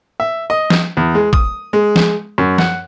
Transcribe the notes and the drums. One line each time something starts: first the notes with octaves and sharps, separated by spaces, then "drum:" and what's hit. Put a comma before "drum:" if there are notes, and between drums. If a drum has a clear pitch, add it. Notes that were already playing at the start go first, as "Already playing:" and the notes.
E5
D#5
drum: snare
E2
G#3
D#6, drum: kick
G#3
drum: snare
F#2
F#5, drum: snare